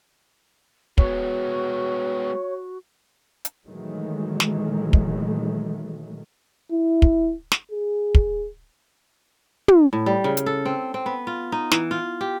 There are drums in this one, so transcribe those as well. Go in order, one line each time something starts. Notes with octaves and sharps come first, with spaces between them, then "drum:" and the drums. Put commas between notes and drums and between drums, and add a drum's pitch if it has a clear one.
G#3 B3 F#4 C#5, drum: kick
drum: hi-hat
A#2 D#3 E3 F#3 G#3 A3
drum: snare
drum: kick
E4
drum: kick
drum: snare
G#4
drum: kick
drum: tom
A2
G3
C#3
drum: hi-hat
A4
C4
C4
B3
F4
D#4
E3, drum: snare
F4
G4